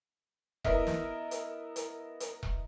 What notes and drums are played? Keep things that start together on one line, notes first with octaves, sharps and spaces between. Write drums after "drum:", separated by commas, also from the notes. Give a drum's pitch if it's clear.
B3 E4 A#4 D#5 E5, drum: kick E1
drum: snare
drum: hi-hat
drum: hi-hat
drum: hi-hat
drum: kick E1